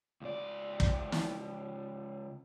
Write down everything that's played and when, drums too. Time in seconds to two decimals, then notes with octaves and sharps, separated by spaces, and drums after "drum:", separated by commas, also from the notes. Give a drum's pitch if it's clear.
0.21 C#2 D5
0.80 drum: kick
1.12 drum: snare